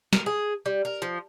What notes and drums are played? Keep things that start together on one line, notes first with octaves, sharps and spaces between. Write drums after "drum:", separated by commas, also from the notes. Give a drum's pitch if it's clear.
A#4, drum: snare
G#4
G3
A#4
F3